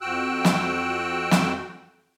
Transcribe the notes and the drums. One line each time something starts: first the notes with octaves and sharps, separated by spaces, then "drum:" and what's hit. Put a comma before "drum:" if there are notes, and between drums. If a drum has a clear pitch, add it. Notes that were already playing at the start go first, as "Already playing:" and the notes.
F2 F#4 G5 E6 F#6
drum: snare
drum: snare